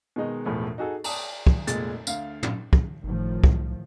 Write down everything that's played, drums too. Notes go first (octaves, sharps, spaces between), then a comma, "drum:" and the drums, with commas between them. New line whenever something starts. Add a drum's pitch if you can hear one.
B2 D#3 G#3 D#4
E1 E2 A2 F3 A3
D#4 F#4 G#4 A4
D5 A5 D#6, drum: cymbal
drum: kick
F1 A#2 G#3 A6, drum: hi-hat
D2 F5, drum: tambourine
drum: tom
drum: kick
G1 A2 D#3 F3
C2, drum: kick